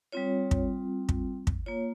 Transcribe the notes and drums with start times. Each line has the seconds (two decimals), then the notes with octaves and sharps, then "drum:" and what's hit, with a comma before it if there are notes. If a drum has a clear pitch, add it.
0.12 G3 C4 F4 C#5
0.51 drum: kick
1.09 drum: kick
1.47 drum: kick
1.66 A#3 F4 C#5